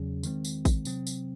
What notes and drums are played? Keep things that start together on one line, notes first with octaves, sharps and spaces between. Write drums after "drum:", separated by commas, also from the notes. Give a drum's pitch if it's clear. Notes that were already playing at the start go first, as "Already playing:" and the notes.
Already playing: E2 C#3 F#3 C#4 G#4
D#3 G#3 C4, drum: tambourine
drum: tambourine
drum: kick A1, tambourine
C3 F#3 C4, drum: tambourine
drum: tambourine